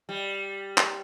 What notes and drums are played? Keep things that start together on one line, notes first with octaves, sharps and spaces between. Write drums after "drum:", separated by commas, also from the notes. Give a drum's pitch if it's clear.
G3
drum: clap